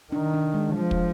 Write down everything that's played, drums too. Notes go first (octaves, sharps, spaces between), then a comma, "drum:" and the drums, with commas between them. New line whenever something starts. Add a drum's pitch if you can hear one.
D#3 D4
D4
G#3
F3
drum: kick